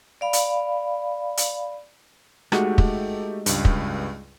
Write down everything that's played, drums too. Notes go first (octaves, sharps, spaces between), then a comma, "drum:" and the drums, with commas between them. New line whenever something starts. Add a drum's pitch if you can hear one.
D5 F5 B5
drum: hi-hat
drum: hi-hat
G#3 A3 D#4 F#4 G4, drum: rim click
drum: kick
C#2 G2, drum: hi-hat
drum: kick